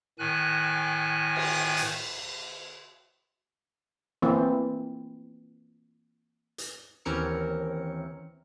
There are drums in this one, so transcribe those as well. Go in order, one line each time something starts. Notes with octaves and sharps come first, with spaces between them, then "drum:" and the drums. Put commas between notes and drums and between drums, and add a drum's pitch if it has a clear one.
A2 D#3 G#5 F#6
drum: cymbal
drum: hi-hat
E3 A#3 C4
drum: hi-hat
D#2 E3 C4 C#4 A#4 C#7